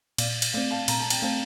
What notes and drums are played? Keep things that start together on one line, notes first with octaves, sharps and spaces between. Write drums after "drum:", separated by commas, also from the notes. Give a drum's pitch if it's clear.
A#2 D5 F5, drum: cymbal
drum: cymbal
A3 C4 D5 F5
F5 A5
A#2 A#5, drum: cymbal
A5
G5, drum: cymbal
A3 C4 F5 A5